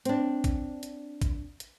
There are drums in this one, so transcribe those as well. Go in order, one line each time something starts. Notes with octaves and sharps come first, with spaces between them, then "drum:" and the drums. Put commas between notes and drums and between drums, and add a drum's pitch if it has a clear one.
C4 D4, drum: hi-hat
drum: kick, hi-hat
drum: hi-hat
drum: kick, hi-hat
drum: hi-hat